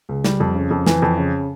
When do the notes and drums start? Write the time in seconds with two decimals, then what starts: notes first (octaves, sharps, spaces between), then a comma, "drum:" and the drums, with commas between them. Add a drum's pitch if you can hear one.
0.09 C#2
0.24 G3, drum: snare
0.40 F2
0.55 C#3
0.71 F2
0.86 E3, drum: snare
1.02 F2
1.18 C#3